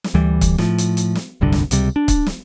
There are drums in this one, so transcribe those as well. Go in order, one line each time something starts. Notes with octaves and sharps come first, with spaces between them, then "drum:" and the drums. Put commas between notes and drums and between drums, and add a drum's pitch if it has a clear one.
drum: snare
D2 E3 G3
drum: kick C#1, hi-hat
A2 F3, drum: snare
drum: hi-hat
drum: hi-hat
drum: snare
F1 C2 G2 D3
drum: snare
C#2 C3 G3, drum: hi-hat
D4
drum: kick C#1, hi-hat
drum: snare